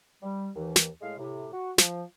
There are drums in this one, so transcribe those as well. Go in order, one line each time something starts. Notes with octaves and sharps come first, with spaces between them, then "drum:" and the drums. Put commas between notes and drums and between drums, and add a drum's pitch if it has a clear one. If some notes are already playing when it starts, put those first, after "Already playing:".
G3
D#2 E3
drum: snare
A2 G#3 F5
A2 C3
F#4
F3, drum: snare